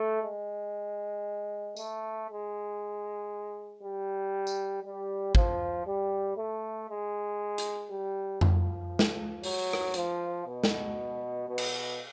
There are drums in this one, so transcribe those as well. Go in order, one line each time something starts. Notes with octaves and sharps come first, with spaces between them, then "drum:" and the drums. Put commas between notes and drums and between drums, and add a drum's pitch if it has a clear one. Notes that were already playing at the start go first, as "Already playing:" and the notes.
Already playing: A3
G#3
A3, drum: tambourine
G#3
G3
drum: tambourine
G3
F3, drum: kick
G3
A3
G#3
drum: hi-hat
G3
F3, drum: tom F2
drum: snare
F#3, drum: open hi-hat
drum: rim click
F3, drum: hi-hat
B2
drum: snare
B2
drum: cymbal